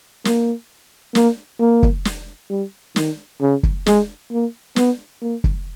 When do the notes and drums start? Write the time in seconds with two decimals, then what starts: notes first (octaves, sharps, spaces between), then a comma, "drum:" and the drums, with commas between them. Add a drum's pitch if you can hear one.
0.25 A#3, drum: snare
1.15 A#3, drum: snare
1.60 A#3
1.83 drum: kick
2.05 drum: snare
2.50 G3
2.96 D#3, drum: snare
3.41 C#3
3.63 drum: kick
3.86 G#3, drum: snare
4.31 A#3
4.76 B3, drum: snare
5.22 A#3
5.44 drum: kick